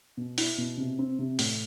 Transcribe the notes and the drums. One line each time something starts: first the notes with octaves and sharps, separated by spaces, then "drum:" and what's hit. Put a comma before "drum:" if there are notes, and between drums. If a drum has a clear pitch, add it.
B2
E4, drum: open hi-hat
B2
C3
C4
C3
A2, drum: open hi-hat